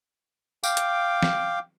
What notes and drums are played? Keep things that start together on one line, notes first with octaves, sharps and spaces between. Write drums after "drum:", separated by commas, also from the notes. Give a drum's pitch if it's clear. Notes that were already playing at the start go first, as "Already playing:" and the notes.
F5 G5 D6, drum: tambourine
drum: hi-hat
drum: snare